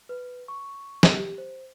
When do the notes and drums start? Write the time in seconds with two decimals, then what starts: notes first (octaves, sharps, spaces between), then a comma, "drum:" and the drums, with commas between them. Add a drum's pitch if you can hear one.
0.09 B4
0.48 C#6
1.03 drum: snare
1.14 G4
1.38 C5